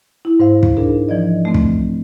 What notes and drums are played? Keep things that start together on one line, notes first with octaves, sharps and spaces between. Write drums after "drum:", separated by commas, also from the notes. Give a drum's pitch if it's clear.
E4
G#2 C5 F5
drum: kick
D4 D#4 G#4 A#4
E3 F3 D5 D#5
A3 C4
drum: kick